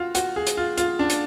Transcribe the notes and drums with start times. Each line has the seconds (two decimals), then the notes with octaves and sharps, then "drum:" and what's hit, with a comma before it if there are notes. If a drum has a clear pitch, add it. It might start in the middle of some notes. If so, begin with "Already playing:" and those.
Already playing: F4 F#4
0.15 F#4, drum: hi-hat
0.36 G#4
0.46 drum: hi-hat
0.57 F4
0.77 F4, drum: hi-hat
0.99 D4
1.09 drum: hi-hat